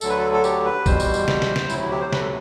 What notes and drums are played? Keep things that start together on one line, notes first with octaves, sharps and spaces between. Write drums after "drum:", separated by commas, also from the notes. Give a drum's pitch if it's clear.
D2 D3 F#3 A4, drum: tambourine
B4
A4
A4
G4, drum: tambourine
B4
E2 B2 G3 C5, drum: kick, tambourine
drum: tambourine
drum: tambourine
drum: snare
drum: snare
drum: snare
D2 C3 F#3 E4, drum: tambourine
E4
G4
C5
B4, drum: snare
A4